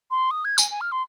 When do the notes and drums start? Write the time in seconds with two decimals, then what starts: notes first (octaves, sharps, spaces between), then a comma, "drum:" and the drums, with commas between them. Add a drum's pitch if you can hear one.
0.11 C6
0.31 D#6
0.45 G#6
0.58 G#5, drum: tambourine
0.71 G#5
0.81 F6
0.92 C6